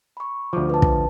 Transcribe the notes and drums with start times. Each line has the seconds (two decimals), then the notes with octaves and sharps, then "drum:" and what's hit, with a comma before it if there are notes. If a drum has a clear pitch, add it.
0.17 B5 C#6
0.53 D2 F3 D6
0.70 B4 A5
0.82 drum: kick